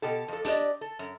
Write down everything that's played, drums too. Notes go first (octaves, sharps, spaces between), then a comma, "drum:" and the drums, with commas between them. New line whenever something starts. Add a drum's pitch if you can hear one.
B2 G4 A4
F2 A4
D4 G4 A#4 D5 D#5, drum: open hi-hat
A4
F#2